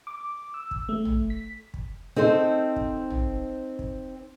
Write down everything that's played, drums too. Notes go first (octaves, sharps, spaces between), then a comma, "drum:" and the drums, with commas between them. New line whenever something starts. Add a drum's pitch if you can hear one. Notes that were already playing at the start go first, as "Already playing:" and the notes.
D6
E6
drum: kick
A3
drum: tom
B6
drum: kick
C4 D#4 A4 C5
drum: kick
drum: tom
drum: kick